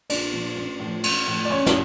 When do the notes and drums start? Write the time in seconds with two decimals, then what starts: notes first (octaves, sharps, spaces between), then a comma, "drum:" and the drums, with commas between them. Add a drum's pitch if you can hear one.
0.10 A#1 D4 D5, drum: cymbal
0.33 A#2 F3
0.56 A1
0.80 A2
0.85 F3
1.04 A1, drum: cymbal
1.27 A2 F3
1.45 D5
1.50 A1 C#4 C#5
1.66 drum: snare